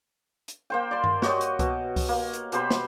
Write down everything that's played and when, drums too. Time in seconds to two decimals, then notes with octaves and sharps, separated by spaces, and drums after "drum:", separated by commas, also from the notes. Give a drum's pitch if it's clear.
0.48 drum: hi-hat
0.70 A#3 C5 G5
0.91 D5 C6
1.04 drum: tom G2
1.22 F#4 G4 C#5 D#5, drum: snare
1.41 drum: hi-hat
1.59 B2, drum: kick C2, hi-hat
1.96 drum: kick C2, open hi-hat
2.09 A#3
2.33 drum: hi-hat
2.52 B2 G4 C5 B5, drum: hi-hat
2.70 drum: snare